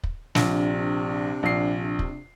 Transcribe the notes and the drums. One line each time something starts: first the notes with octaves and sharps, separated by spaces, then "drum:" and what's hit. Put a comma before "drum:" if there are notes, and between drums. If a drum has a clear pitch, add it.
drum: kick
A#1 C3 D4, drum: snare
A#1 C7
drum: kick